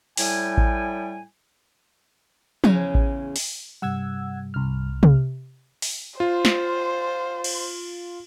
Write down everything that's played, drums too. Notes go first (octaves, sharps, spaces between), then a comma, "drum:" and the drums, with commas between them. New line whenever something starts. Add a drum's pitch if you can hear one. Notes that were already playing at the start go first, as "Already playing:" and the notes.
A2 G3 E4 G5 G#5, drum: open hi-hat
drum: kick A1
E2 C#3 C#4 G#5 A#5, drum: tom F3
drum: kick A1
drum: open hi-hat
G2 C3 G3 F#5 E6 G#6
C2 F6
drum: tom C3
drum: open hi-hat
F4 C5
drum: snare
drum: cymbal